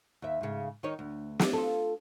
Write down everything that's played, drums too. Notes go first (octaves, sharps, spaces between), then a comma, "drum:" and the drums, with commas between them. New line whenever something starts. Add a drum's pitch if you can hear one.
D#2 E5
G#2 C#3
D#3 D#4 C#5
D2
drum: snare
F4 A4